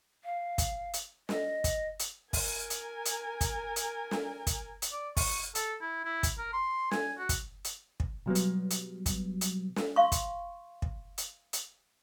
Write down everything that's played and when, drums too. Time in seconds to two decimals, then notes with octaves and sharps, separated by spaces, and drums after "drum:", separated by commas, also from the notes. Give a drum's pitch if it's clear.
0.24 F5
0.58 drum: kick, hi-hat
0.93 drum: hi-hat
1.29 D#5, drum: snare
1.64 drum: kick, hi-hat
1.99 drum: hi-hat
2.33 A#4 G#5, drum: kick, open hi-hat
2.70 drum: hi-hat
3.05 drum: hi-hat
3.41 drum: kick, hi-hat
3.76 drum: hi-hat
4.11 drum: snare
4.47 drum: kick, hi-hat
4.82 drum: hi-hat
4.92 D5
5.17 C#6, drum: kick, open hi-hat
5.55 A4, drum: hi-hat
5.81 E4
6.05 E4
6.23 drum: kick, hi-hat
6.38 A#4
6.53 C6
6.91 G#5, drum: snare
7.19 F#4
7.29 drum: kick, hi-hat
7.64 drum: hi-hat
8.00 drum: kick
8.26 B2 F#3 G3 B3
8.35 drum: hi-hat
8.70 drum: hi-hat
9.06 drum: kick, hi-hat
9.41 drum: hi-hat
9.76 drum: snare
9.96 F5 C6 C#6
10.12 drum: kick, hi-hat
10.82 drum: kick
11.18 drum: hi-hat
11.53 drum: hi-hat